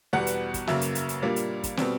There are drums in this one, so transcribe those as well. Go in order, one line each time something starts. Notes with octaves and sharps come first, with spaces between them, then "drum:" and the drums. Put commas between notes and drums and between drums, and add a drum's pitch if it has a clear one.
E2 B2 G3 F#5
drum: hi-hat
drum: kick, hi-hat
F#2 C#3 F#3 A#3 E5, drum: snare
drum: hi-hat
drum: hi-hat
drum: hi-hat
A#2 G3 A#3 D4
drum: hi-hat
drum: kick, hi-hat
B2 G3 C4, drum: snare